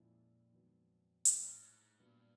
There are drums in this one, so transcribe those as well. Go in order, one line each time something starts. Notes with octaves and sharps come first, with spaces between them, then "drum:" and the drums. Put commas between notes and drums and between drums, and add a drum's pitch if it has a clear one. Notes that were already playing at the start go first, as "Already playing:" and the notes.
Already playing: F2 A#2 F3 G#3 C#4 E4
G#2 D#3 F#3 B3
F#2 A2 F3 A3, drum: hi-hat
G2
G#2
G#2
G2 A#2 F#3 B3 D4